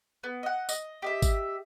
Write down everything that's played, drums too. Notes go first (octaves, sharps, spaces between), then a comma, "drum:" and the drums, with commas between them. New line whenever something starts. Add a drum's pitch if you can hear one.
B3
D#5 F#5
D#5, drum: tambourine
G4 D#5 E5
drum: kick, tambourine